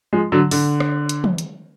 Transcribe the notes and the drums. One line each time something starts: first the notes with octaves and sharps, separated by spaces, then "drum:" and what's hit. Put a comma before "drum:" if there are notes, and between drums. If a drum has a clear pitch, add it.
F3 G#3
D3 F#3
D3, drum: open hi-hat
drum: rim click
drum: hi-hat
drum: tom
drum: hi-hat